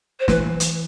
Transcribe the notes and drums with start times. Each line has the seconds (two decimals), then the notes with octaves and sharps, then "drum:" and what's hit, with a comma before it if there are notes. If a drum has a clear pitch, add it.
0.20 C5
0.28 E3 B4, drum: snare
0.60 drum: hi-hat